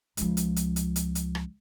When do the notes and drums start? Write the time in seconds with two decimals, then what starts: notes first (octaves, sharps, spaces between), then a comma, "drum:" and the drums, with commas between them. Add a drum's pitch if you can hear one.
0.17 C#2 F3, drum: hi-hat
0.37 drum: hi-hat
0.56 drum: hi-hat
0.76 drum: hi-hat
0.96 drum: hi-hat
1.15 drum: hi-hat
1.35 drum: rim click